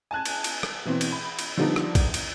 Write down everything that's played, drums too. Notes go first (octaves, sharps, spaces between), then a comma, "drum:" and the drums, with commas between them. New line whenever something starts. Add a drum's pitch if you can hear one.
G#5 A5 F#6 G#6
drum: cymbal
drum: cymbal
drum: rim click
B2 E3 C4
drum: cymbal
B5
drum: cymbal
D3 F3 G3 B3 D4 D#4
drum: rim click
drum: kick, cymbal
drum: cymbal